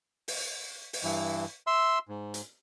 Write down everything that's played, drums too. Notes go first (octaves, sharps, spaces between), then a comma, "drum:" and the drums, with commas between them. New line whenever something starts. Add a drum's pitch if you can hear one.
drum: open hi-hat
drum: open hi-hat
G2 E3
E5 C6 E6
G#2
drum: hi-hat